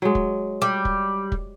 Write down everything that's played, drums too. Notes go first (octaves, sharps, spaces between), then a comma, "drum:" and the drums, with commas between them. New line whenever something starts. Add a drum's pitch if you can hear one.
F#3 G#3
drum: kick
G3
drum: kick
drum: kick